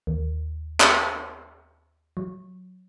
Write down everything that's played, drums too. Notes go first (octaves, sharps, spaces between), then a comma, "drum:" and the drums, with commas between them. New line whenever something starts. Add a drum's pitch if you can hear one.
D#2
drum: clap
F#3